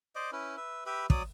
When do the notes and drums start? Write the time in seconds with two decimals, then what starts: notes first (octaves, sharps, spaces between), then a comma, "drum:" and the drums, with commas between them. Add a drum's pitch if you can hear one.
0.15 C5 D5 D#5 D6
0.32 C#4 E4 B4
0.57 B4 E5
0.86 G4 B4 E5 B5
1.10 F#3 D5 D#6, drum: kick